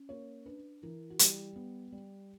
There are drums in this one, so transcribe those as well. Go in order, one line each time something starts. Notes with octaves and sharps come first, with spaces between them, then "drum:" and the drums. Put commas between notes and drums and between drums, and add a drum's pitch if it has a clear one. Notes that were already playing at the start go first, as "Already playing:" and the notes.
Already playing: C#4
A#3 C#5
D4 B4
E3 A#4
F#4
G3 G4, drum: hi-hat
B3
G3